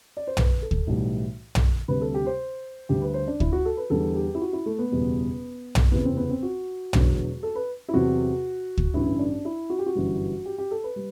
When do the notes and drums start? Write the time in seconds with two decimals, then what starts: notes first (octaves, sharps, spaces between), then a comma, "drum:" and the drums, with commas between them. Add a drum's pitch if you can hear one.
0.17 D5
0.27 C5
0.37 B4, drum: tom
0.62 A4
0.71 drum: kick
0.87 B1 A2 E3 G3
1.55 drum: tom
1.88 D2 C3 G3 B4
2.01 A4
2.14 G4
2.26 C5
2.89 D2 D3 G3 G4
3.02 B4
3.14 C5
3.28 D4
3.40 E4, drum: kick
3.52 F#4
3.65 A4
3.77 B4
3.90 E2 D3 G3 A4
4.15 G4
4.35 E4
4.41 F#4
4.53 E4
4.66 A3
4.78 B3
4.92 F#1 E2 B2 G3
5.75 drum: tom
5.91 F#1 E2 C3 E3 B3
6.05 C4
6.17 B3
6.30 C4
6.43 F#4
6.93 E1 E2 D3 F#3, drum: tom
7.43 A4
7.55 B4
7.88 E4
7.93 E2 C3 F#3 F#4
8.78 drum: kick
8.94 A1 G2 D3 E4
9.19 D4
9.45 E4
9.70 F#4
9.79 G4
9.86 F#4
9.95 G1 F#2 E3 G3
10.45 G4
10.58 G4
10.71 A4
10.84 B4
10.96 G3